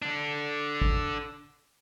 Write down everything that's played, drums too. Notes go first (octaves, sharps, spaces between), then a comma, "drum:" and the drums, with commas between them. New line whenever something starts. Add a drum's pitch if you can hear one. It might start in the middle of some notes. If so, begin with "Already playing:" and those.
D3 D4
drum: kick